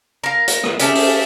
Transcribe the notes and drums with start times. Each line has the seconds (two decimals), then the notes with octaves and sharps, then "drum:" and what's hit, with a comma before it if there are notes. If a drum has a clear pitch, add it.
0.24 A#4 F5
0.48 drum: hi-hat
0.64 drum: rim click
0.79 A3 C#4 G4 G#4 E5, drum: hi-hat
0.95 drum: open hi-hat